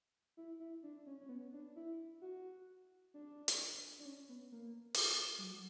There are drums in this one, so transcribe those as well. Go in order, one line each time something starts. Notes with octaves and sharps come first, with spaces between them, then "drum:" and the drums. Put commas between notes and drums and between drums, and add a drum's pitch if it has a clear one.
E4
E4
D4
C#4
C#4
B3
D4
E4
F#4
D4
drum: hi-hat
D4
C#4
B3
A#3
drum: open hi-hat
G3
F#3